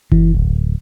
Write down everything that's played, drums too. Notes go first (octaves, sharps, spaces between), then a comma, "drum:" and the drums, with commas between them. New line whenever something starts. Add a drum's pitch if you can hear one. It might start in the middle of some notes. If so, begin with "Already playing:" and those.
E3, drum: kick F#1
D1